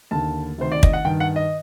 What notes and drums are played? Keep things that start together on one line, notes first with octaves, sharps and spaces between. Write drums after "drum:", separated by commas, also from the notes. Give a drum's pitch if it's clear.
D#2 D3 A5
D2 C3 D#3 C5
D5
D#5, drum: kick
F#5
G2 D#3 G5
F#5
D#5